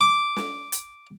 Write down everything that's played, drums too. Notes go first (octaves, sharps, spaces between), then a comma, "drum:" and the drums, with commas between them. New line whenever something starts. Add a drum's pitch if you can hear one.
D6
drum: snare
drum: hi-hat